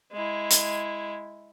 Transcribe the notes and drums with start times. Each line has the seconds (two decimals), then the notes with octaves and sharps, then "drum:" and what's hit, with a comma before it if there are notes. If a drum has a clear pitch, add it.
0.12 G#3 E4
0.50 drum: hi-hat